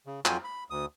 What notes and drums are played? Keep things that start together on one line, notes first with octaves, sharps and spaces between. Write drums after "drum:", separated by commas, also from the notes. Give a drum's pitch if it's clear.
C#3
F2 F#3 F4 C#5 G5 G#5, drum: clap
B5
D2 D#6